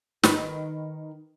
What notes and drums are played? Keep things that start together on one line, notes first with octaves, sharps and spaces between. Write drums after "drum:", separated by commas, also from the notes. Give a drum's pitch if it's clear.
D#3 B4, drum: snare